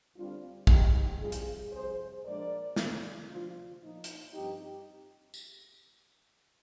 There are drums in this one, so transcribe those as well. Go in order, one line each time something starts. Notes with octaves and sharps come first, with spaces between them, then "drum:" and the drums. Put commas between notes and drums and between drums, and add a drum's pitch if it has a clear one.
D2 D3 G3 C4 D4 F4
G#2 D#3 G#3 D#4 G4, drum: kick
F2 C3 G3 F4 G#4
drum: hi-hat
F2 C3 G3 G#4 C5
A#2 F3 G#3 D4 A#4 D5
D#2 D3 F3 G#3, drum: snare
D2 C3 F3 C4 D4 F4
A#2 F3 A#3 D#4
drum: hi-hat
G2 F3 C4 D#4 G4
drum: tambourine